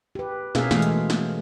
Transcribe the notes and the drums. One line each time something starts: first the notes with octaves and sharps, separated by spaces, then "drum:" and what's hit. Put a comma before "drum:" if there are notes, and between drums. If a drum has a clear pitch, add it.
G4 B4
B2 C#4 G#4 A#4 E5 F5, drum: snare
E3 G#3 A3 F5, drum: snare
drum: hi-hat
drum: snare